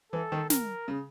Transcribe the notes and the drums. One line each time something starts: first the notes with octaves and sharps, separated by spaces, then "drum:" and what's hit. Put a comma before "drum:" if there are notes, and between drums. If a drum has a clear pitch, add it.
E3 A4
D#3
A#4, drum: snare
C#3